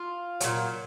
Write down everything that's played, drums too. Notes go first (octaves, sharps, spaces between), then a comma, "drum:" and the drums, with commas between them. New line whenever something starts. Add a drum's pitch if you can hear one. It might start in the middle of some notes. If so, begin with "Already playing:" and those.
Already playing: F4
A#2 F#3, drum: hi-hat